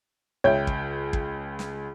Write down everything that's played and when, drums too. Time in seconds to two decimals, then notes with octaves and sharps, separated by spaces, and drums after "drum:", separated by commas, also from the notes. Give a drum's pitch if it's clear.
0.44 C#2 C#5 E5 G5 G6
0.67 drum: kick
1.13 drum: kick
1.59 drum: snare